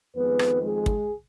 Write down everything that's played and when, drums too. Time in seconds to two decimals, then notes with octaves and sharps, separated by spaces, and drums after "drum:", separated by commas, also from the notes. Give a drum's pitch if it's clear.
0.15 F2 D#3 G#3 B3 B4
0.39 drum: rim click
0.62 G#3 G#4
0.86 drum: kick